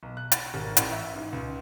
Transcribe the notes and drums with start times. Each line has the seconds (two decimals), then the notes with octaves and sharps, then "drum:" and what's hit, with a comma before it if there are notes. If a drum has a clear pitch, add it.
0.03 B1
0.17 F#6
0.32 A6, drum: hi-hat
0.54 G#1
0.77 A1, drum: hi-hat
0.92 E5
1.16 G#2
1.32 C#2